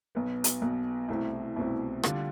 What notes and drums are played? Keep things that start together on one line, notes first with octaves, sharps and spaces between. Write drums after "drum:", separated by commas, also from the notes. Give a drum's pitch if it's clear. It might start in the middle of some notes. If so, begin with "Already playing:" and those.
B1 B2 B3
drum: hi-hat
B1 B2 B3
C2 B2 A3 C4 E4
C2 B2 A3 C4 E4
D3 G3 D4 F4, drum: rim click